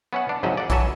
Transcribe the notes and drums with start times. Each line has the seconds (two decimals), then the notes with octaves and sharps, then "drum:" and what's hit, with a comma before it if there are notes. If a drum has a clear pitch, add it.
0.13 B3 C#4 E5 F#5
0.29 D4
0.43 G#1 C#3 F3 F#3 D#5 E5
0.57 D5 F#5
0.70 E3 F#3 A4 E5 G#5, drum: kick, hi-hat